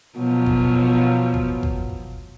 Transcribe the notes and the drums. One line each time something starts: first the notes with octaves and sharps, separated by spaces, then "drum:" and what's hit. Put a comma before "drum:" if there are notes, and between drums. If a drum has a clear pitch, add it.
B2 F3 F#3
drum: kick G1
drum: kick G1
drum: kick G1